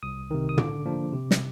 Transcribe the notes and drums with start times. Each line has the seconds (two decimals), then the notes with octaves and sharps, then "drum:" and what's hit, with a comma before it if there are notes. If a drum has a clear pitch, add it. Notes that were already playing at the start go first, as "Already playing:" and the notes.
0.03 C2 D#6
0.31 C3 D#3
0.49 D#6
0.58 D3 D6, drum: tom
0.86 F3 A#3 D4
1.13 C3
1.31 drum: snare